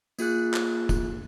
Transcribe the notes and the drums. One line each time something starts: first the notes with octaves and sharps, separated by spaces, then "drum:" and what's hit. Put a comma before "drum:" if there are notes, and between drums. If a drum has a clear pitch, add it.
A#3 F4 G#4 F#6, drum: tambourine
drum: clap
drum: kick, tambourine